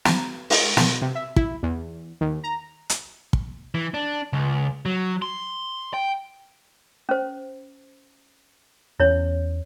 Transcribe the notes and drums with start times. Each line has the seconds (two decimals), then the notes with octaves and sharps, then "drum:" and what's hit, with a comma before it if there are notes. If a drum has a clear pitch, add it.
0.05 A#5, drum: snare
0.50 G#3, drum: open hi-hat
0.77 B2, drum: snare
1.02 C3
1.15 E5
1.36 E4, drum: kick
1.63 E2
2.21 D#2
2.44 A#5
2.90 drum: hi-hat
3.33 drum: kick
3.74 E3
3.94 D4
4.33 C#2
4.86 F#3
5.22 C6
5.94 G5
7.09 C#4 C5
9.00 E2 C#4 E4 C#5